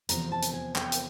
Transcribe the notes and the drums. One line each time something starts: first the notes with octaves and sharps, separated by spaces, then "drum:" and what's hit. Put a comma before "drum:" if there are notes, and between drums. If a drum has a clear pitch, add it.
E2 C3 F3 A#5, drum: hi-hat
A5
drum: hi-hat
G#5
G5, drum: clap
drum: hi-hat